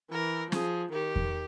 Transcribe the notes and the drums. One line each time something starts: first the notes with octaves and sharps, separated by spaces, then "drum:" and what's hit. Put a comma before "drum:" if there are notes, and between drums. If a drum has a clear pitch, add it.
E3 A#4
F3 G#4, drum: snare
D#3 G4
drum: kick E2